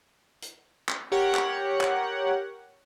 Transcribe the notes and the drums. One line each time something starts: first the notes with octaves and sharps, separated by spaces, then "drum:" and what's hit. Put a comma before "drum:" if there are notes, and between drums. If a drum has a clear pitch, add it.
drum: hi-hat
drum: clap
G4 A#4 C#5 F#5
drum: clap
drum: clap